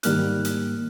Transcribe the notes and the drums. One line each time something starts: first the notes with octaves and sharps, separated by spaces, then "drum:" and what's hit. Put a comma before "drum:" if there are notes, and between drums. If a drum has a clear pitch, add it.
G#2 D#3 G3 A#3 F6 F#6, drum: hi-hat
drum: hi-hat